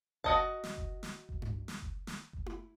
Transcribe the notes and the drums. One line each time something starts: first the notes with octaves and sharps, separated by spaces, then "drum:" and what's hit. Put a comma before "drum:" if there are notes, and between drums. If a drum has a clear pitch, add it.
F#4 D#5 A5, drum: kick F#1
drum: snare
drum: kick F#1
drum: snare
drum: kick F#1
drum: tom G2
drum: snare
drum: kick F#1
drum: snare
drum: kick F#1
drum: tom E4